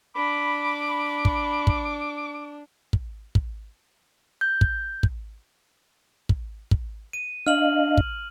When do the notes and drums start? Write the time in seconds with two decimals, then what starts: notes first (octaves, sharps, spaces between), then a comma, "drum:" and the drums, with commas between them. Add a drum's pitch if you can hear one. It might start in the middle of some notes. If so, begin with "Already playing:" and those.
0.16 D4 B5 D6
1.25 drum: kick
1.67 drum: kick
2.93 drum: kick
3.35 drum: kick
4.41 G6
4.61 drum: kick
5.03 drum: kick
6.29 drum: kick
6.71 drum: kick
7.13 D#7
7.46 D4 D#5 F5 F6 F#7
7.97 drum: kick